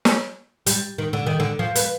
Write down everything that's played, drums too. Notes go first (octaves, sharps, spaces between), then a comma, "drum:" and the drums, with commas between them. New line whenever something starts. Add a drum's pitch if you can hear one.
drum: snare
G3, drum: hi-hat
D#3
D3
D#3
D3
F3
B3, drum: hi-hat